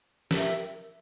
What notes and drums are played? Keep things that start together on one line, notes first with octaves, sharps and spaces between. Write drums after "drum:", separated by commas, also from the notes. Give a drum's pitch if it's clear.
G4 A#4 E5, drum: snare